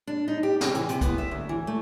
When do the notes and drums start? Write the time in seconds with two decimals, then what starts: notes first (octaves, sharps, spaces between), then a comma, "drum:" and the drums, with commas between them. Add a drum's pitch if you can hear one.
0.07 D4
0.28 D#4
0.43 G4
0.61 C3, drum: snare
0.75 E3, drum: hi-hat
0.89 C3, drum: hi-hat
1.01 B3, drum: kick, hi-hat
1.18 E5
1.31 D2
1.49 E3
1.67 A3